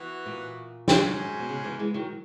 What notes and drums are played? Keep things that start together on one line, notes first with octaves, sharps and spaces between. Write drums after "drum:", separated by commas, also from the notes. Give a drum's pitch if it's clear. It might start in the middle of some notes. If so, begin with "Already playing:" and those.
Already playing: E3 B3 F#4
A#2
G#2 F#3 C#4 G#4, drum: snare
B2
C#3
C#3 E3
E3 G#3
D#3 F#3